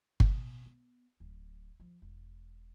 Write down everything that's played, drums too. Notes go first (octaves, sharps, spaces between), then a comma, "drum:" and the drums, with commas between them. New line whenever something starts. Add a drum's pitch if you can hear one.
B2, drum: kick G1
B3
D1
F3
E1